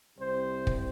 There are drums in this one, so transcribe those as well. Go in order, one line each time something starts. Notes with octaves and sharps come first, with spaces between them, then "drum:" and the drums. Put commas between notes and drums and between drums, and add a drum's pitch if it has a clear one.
C2 C3 G3 C5
drum: kick